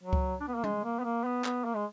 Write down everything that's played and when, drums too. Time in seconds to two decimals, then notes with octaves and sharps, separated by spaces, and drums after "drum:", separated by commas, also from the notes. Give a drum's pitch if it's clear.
0.03 F#3
0.13 drum: kick C#2
0.40 D4
0.48 B3
0.56 A#3
0.64 G#3, drum: tom G3
0.84 A#3
0.99 B3
1.04 A#3
1.24 B3
1.44 B3, drum: clap
1.65 A#3
1.75 G#3